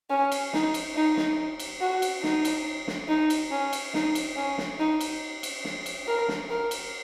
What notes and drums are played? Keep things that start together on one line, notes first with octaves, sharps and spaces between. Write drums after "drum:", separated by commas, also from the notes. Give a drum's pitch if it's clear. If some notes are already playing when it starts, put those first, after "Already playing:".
C#4
drum: cymbal
D#4, drum: snare
drum: cymbal
D#4
drum: snare
drum: cymbal
F#4
drum: cymbal
D#4, drum: snare
drum: cymbal
drum: snare
D#4
drum: cymbal
C#4
drum: cymbal
D#4, drum: snare
drum: cymbal
C#4
drum: snare
D#4
drum: cymbal
drum: cymbal
drum: snare
drum: cymbal
A#4
drum: snare
A#4
drum: cymbal